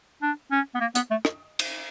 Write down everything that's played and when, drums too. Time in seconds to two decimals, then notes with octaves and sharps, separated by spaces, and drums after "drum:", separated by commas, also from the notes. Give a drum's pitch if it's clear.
0.22 D4
0.51 C#4
0.75 B3
0.81 A#3
0.95 B3, drum: hi-hat
1.11 A3
1.25 drum: rim click
1.59 drum: cymbal